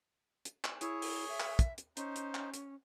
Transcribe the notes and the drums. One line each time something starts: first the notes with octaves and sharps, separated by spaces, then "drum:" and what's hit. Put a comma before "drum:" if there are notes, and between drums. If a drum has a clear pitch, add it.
drum: hi-hat
drum: clap
E4 G#4 C#5, drum: hi-hat
drum: open hi-hat
E5
drum: clap
drum: kick, hi-hat
drum: hi-hat
C#4 D#4 C5, drum: hi-hat
drum: hi-hat
drum: clap
drum: hi-hat